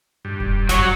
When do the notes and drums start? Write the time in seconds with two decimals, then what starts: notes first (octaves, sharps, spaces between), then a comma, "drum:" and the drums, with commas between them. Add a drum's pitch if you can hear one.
0.25 G2
0.40 drum: kick E1
0.69 F#3 C#5, drum: snare F1